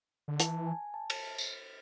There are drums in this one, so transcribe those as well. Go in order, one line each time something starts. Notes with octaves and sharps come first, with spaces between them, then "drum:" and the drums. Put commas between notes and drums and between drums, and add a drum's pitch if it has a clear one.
D3
E3 A5, drum: hi-hat
G#5
A5
drum: cymbal
drum: tambourine